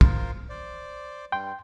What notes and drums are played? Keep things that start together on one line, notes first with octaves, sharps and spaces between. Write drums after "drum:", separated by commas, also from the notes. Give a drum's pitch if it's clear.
F4 A#4 C5, drum: kick
C5 D5
G2 G3 G5 C6